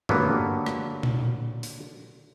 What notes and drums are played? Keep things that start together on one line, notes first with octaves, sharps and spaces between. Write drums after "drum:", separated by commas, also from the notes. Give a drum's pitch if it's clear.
D3 F#3 A#3 B3 G4, drum: tom G2
drum: rim click
drum: tom A#2
drum: open hi-hat